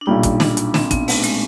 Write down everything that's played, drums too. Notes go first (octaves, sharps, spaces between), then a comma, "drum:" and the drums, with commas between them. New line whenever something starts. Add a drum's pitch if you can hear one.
D4
B1 A#2 G3 D#4
drum: kick, hi-hat
D4, drum: snare
drum: hi-hat
C4, drum: snare
B3, drum: kick, hi-hat
A3, drum: open hi-hat
G#3, drum: hi-hat